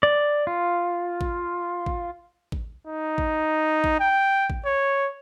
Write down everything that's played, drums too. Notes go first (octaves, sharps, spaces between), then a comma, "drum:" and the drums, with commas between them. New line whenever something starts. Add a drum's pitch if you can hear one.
D5
F4
drum: kick
drum: kick
drum: kick
D#4
drum: kick
drum: kick
G5
drum: kick
C#5